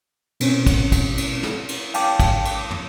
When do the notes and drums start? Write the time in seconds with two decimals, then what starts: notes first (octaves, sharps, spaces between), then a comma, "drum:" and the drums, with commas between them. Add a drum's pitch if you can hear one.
0.40 B2 C4 C#4, drum: cymbal
0.66 drum: kick, cymbal
0.92 drum: kick, cymbal
1.18 drum: cymbal
1.43 drum: snare
1.69 drum: cymbal
1.94 F5 G5 A5 D6, drum: cymbal
2.20 drum: kick, cymbal
2.45 drum: cymbal
2.71 drum: tom